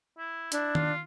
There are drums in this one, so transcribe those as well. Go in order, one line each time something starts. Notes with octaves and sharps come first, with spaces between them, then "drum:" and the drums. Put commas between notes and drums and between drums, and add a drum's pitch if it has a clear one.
E4
D4 E4, drum: hi-hat
F4, drum: tom D#3